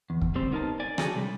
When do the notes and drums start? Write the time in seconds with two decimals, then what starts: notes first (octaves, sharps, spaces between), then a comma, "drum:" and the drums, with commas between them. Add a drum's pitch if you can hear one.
0.10 E2
0.21 drum: kick
0.35 D2 C#3 G3 C4 C5 C6
0.52 B3 D#4 A#4 C5 A5
0.80 D5 G#5
0.98 D4 F#4 G#4 A4 C#5 D5, drum: rim click
1.15 C3 G3